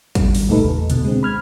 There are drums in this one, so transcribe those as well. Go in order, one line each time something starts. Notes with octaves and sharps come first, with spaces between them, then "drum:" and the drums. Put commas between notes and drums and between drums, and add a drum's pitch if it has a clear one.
G#1 G3, drum: kick, hi-hat
drum: open hi-hat
C#2 A#2 A3 D#4 A4 B4
E2
D2 B2 D3, drum: hi-hat
G#3 C4
B5 F6 G#6